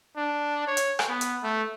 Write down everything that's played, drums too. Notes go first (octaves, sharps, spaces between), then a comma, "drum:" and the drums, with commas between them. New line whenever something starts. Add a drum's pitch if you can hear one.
D4
C#5
drum: hi-hat
drum: rim click
B3
drum: hi-hat
A3